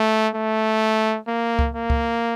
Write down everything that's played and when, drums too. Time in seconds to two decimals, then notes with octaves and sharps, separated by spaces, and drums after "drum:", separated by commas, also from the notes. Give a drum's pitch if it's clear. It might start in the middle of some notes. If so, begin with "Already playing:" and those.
Already playing: A3
0.34 A3
1.27 A#3
1.59 drum: kick C#2
1.75 A#3
1.90 drum: kick C#2